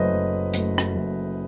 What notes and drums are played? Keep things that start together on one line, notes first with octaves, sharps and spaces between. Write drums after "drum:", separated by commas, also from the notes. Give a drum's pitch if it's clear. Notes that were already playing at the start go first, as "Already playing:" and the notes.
Already playing: F#1 F#2 F#3 A3 B4 C5 D#5
F#1
F#2 F#3 A3, drum: hi-hat
drum: rim click
F#1